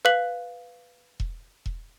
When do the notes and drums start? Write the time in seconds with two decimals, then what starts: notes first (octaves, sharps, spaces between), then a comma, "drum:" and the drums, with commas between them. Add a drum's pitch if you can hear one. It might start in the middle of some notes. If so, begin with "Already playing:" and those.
0.05 B4 F5 F#6 B6 F#7
1.20 drum: kick E1
1.66 drum: kick E1